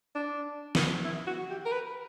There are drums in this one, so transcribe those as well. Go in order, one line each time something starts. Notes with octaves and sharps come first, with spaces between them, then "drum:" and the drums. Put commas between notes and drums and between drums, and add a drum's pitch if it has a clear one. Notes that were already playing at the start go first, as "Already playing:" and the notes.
D4
drum: snare
E4
F#4
G4
A#4
B4